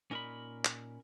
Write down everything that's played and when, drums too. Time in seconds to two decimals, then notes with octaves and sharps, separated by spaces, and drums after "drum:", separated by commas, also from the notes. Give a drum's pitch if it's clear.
0.11 A#2 C#4 D#4 A#4 D#5 B5
0.65 drum: clap